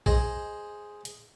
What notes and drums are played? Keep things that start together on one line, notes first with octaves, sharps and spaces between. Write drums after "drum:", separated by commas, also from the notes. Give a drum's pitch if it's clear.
G#4 C5 D#5, drum: kick A#1
drum: hi-hat